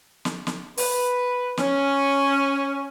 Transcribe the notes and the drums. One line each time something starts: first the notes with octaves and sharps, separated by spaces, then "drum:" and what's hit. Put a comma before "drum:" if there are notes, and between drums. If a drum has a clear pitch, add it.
drum: snare
drum: snare
B4, drum: open hi-hat
C#4, drum: snare